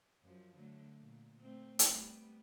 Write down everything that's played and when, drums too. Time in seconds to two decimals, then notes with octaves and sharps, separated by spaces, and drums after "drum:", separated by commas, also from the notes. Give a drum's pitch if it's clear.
0.24 F#2 F3
0.55 D3 F#3 A3
0.99 A#2
1.40 A3 C4
1.79 drum: hi-hat
1.89 G3 A3 B3